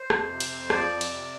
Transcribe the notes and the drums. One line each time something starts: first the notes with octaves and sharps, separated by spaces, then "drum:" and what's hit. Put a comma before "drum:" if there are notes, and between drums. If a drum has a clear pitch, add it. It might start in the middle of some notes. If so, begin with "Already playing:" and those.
Already playing: C5
F2, drum: rim click
C3
drum: cymbal
F2
F3 D5, drum: rim click
F2
drum: cymbal
C3